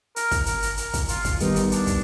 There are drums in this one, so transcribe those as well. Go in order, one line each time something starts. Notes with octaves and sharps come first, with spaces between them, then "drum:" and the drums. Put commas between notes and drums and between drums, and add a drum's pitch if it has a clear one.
A#4, drum: hi-hat
drum: kick, hi-hat
A#4, drum: hi-hat
drum: hi-hat
A#4, drum: hi-hat
drum: kick, hi-hat
F4, drum: hi-hat
drum: kick, hi-hat
D#3 G3 B3 D#4, drum: hi-hat
drum: hi-hat
D4, drum: hi-hat
drum: kick, hi-hat